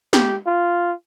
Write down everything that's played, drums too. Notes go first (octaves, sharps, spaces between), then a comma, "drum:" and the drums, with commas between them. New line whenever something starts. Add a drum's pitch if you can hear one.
G4, drum: snare
F4